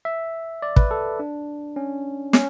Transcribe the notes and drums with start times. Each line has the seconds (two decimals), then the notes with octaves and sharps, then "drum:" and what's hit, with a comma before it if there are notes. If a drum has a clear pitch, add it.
0.05 E5
0.62 D5
0.76 B4, drum: kick
0.91 A4
1.20 D4
1.76 C#4
2.33 C#4, drum: snare